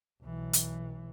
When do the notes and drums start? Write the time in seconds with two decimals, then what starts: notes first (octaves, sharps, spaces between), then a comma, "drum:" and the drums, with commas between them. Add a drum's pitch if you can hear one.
0.22 B1 E3
0.53 drum: hi-hat